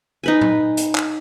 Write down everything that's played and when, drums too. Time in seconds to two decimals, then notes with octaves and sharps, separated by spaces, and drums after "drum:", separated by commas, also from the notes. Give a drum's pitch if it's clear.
0.24 D#4 B4 G#5
0.41 drum: tom A#2
0.77 drum: hi-hat
0.95 drum: clap